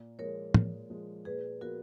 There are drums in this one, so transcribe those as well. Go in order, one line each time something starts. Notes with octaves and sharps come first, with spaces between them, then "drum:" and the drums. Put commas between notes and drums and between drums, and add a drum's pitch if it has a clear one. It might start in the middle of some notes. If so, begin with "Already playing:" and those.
Already playing: A#2
F3 G#3 A#4 C#5
A#2, drum: tom
F3 G#3
A#2 G#4 B4
F3 B3 F4 F#4 A#4